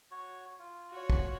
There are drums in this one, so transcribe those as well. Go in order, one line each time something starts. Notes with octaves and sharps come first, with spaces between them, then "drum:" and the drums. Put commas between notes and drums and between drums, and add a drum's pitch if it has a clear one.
F#4 C#5
F4
F#4 C#5
drum: kick